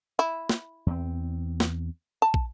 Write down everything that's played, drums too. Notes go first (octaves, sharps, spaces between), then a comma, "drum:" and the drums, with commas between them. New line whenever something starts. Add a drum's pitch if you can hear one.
E4
drum: snare
E2 C4
drum: snare
A5
drum: kick